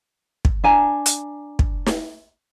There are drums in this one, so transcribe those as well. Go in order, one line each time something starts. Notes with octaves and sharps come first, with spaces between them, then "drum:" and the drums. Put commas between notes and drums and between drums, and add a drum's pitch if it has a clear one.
drum: kick
D4 G#5 A#5
drum: hi-hat
drum: kick
drum: snare